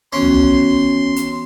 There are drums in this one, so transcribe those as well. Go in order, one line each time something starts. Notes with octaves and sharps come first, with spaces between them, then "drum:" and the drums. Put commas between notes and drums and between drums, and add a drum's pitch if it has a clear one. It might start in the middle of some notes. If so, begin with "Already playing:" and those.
E3 B3 C#4 F#4 C6
drum: tom
drum: hi-hat